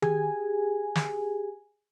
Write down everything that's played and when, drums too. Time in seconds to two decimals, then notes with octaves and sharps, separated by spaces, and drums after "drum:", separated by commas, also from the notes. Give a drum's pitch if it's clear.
0.02 G4 G#4 G#5, drum: tom D#3
0.95 drum: snare